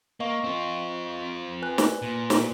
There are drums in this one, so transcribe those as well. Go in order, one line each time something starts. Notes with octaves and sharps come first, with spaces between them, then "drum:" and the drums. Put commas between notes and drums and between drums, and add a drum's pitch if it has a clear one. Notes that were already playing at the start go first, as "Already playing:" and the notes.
A#3 D#5 F5 C#6
C4 F4
B4 G#5 F#6
drum: snare
A#2
drum: snare